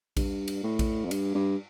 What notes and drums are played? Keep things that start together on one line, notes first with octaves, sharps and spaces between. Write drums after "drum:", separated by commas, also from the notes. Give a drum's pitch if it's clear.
G2, drum: kick A#1, cymbal
drum: cymbal
A2
drum: kick A#1, cymbal
F2
G2, drum: cymbal
G2